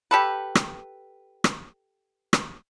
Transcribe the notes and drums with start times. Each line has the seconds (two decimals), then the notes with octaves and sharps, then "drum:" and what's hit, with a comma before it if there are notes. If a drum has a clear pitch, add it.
0.11 G4 A4 B4
0.55 drum: rim click
1.44 drum: rim click
2.33 drum: rim click